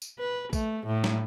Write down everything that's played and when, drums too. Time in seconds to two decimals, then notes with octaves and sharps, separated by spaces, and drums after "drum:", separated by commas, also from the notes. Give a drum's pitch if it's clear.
0.02 drum: tambourine
0.19 B4
0.53 A3, drum: kick, tambourine
0.87 A2
1.04 drum: snare